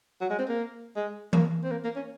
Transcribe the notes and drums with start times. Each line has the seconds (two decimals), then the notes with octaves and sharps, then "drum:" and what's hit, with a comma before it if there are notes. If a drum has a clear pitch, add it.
0.21 F#3
0.30 G#3
0.38 C4
0.48 A#3
0.96 G#3
1.33 A#3, drum: tom E3
1.63 C4
1.71 A#3
1.84 A#3
1.96 C#4